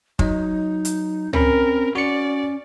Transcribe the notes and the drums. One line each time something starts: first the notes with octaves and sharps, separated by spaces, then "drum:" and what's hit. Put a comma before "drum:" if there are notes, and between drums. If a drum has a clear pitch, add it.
F#3 D#4 D#5, drum: kick
drum: hi-hat
C4 C#4 A#4 B5, drum: tom C#2
C#4 F#4 D5 C#7